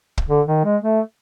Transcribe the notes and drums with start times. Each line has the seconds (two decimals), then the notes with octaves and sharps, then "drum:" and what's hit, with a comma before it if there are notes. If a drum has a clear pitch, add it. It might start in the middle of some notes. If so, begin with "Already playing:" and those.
0.18 drum: kick
0.29 D3
0.48 D#3
0.64 G#3
0.82 A3